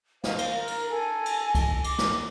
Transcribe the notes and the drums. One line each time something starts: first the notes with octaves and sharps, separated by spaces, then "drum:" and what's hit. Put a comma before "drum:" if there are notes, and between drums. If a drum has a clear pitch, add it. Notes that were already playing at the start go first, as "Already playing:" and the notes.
C5 D#5 F5, drum: snare
drum: cymbal
A#4
drum: cymbal
A4 G#5
drum: cymbal
drum: kick C2, cymbal
D6, drum: cymbal
drum: snare